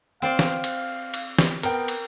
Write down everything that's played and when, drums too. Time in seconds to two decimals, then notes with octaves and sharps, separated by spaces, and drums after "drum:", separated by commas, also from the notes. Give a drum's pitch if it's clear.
0.22 C4 C5 D5 F5
0.39 drum: snare
0.64 drum: cymbal
1.14 drum: cymbal
1.39 drum: snare
1.63 B3 A#4 G5, drum: cymbal
1.88 drum: cymbal